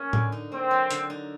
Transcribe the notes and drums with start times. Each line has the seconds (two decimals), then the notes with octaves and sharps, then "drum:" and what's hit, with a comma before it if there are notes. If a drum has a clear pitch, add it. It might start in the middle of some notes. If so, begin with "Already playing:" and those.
Already playing: F#3 A#3 C#4
0.13 D3, drum: tom A2
0.32 D#4
0.52 A#3 C4
0.71 F#3
0.91 D3, drum: hi-hat
1.10 D#4